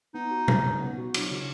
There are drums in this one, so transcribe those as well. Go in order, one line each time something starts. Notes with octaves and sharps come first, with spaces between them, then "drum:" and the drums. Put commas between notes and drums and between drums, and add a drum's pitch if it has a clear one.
B3 D#4
F#4
F#3, drum: tom
C#3
B3
F#4
F#3, drum: cymbal
C#3